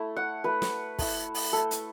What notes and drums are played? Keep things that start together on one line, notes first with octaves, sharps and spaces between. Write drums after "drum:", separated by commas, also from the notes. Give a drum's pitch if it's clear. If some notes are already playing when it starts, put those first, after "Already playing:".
Already playing: A3 E4
F#5
A3 E4 B4
drum: snare
A3 E4, drum: kick, open hi-hat
drum: open hi-hat
A3 E4 A4
drum: hi-hat